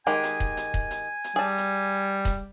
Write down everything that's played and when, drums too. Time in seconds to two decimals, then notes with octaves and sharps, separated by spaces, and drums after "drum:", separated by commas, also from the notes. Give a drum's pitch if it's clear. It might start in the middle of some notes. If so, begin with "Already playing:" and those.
0.07 D#3 G#3 G4 G#5
0.23 drum: hi-hat
0.40 drum: kick D#1
0.57 drum: hi-hat
0.74 drum: kick D#1
0.91 drum: hi-hat
1.24 drum: hi-hat
1.36 G3 G#4 A5
1.58 drum: hi-hat
2.25 drum: kick D#1, hi-hat